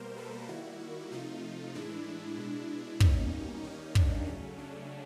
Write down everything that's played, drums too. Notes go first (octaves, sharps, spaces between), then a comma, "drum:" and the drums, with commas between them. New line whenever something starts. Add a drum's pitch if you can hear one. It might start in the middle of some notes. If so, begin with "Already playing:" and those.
Already playing: B2 G3 A#3 A#4 C5
A4 B4
D#3 G3 A#3 E4 F#4
C3 F3 A3 D#4 F4
A2 E3 G#3 D4 E4
B2 G#3
B2 G3 A#3 C#4 D#4, drum: kick
D#3 G3 A#3
D4, drum: kick
C#3 F#3 A3 C#4
D4